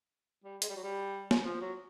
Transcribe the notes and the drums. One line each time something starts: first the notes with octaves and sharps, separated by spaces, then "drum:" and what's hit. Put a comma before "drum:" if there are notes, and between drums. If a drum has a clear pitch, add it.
G3
G#3, drum: hi-hat
G3
F#3
G3
drum: snare
F3
F#3